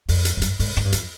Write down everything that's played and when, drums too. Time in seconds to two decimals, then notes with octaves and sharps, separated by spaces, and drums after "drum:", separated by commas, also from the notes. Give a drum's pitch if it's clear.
0.08 F2, drum: open hi-hat
0.25 drum: hi-hat
0.37 F#2
0.42 G2, drum: hi-hat
0.59 G#2, drum: open hi-hat
0.77 G#2, drum: rim click
0.85 G2
0.92 F2, drum: hi-hat